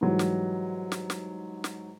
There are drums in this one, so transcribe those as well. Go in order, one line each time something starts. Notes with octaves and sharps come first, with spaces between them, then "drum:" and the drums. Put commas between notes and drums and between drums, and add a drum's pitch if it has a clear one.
G#2 E3 F#3 G3
drum: snare
drum: snare
drum: snare
drum: snare